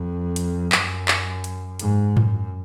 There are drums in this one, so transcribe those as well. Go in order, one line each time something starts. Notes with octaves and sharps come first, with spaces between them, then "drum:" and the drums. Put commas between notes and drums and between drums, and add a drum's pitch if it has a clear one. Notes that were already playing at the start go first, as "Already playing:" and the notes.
Already playing: F2
drum: hi-hat
F#2, drum: clap
drum: clap
drum: hi-hat
G#2, drum: hi-hat
F#2, drum: tom G#2